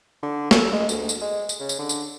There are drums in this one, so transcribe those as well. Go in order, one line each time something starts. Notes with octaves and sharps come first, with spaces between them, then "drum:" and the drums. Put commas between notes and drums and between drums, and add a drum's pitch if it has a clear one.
D3
A4, drum: snare
G#3
D2, drum: tambourine
drum: tambourine
G#3
drum: tambourine
C#3
drum: tambourine
D3
drum: tambourine